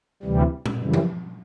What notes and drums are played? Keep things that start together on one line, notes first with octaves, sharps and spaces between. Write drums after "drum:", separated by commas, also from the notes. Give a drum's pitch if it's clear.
D2 C3 E3 G3
drum: tom A#2
F#2 C#3 E3 G3
drum: tom F3